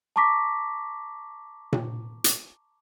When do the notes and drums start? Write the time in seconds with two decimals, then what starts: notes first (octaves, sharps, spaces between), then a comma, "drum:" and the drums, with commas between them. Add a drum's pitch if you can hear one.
0.16 A5 A#5 C#6 D6 A#6 B6
1.73 drum: tom A#2
2.24 drum: hi-hat